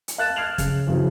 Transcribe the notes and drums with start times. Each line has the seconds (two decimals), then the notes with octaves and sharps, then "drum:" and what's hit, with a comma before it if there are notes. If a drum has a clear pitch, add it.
0.08 drum: hi-hat
0.18 F5 A5 F#6 A6 E7
0.36 F6 G#6 C7 D7 F7 F#7
0.58 C#3, drum: kick F1, hi-hat
0.87 F2 C#3 E3 F#3